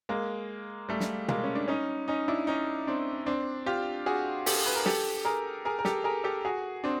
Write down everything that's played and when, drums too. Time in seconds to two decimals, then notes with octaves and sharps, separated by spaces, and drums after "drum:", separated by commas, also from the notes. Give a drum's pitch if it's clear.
0.09 G#3 A#3
0.89 G3 A3
1.00 drum: snare
1.28 G#3 A#3, drum: tom
1.44 C#4
1.55 D4
1.68 C#4 D#4
2.08 C#4 D#4
2.28 D4 E4
2.47 C#4 D#4
2.87 C4 D4
3.26 C4 D4
3.66 F4 G4
4.06 F#4 G#4
4.46 G4 A4, drum: open hi-hat
4.66 B4
4.75 A#4
4.86 G4 A4, drum: snare
5.25 G#4 A#4
5.65 G#4 A#4
5.79 A#4
5.85 G4 A4, drum: snare
6.04 G#4 A#4
6.24 G4 A4
6.45 F#4 G#4
6.84 C4 D4